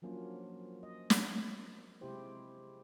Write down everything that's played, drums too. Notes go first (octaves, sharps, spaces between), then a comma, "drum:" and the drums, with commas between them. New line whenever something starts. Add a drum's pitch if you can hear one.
F3 F#3 A#3 C#4 D4 F4
D#5
drum: snare
C3 G#3 E4 G4 C5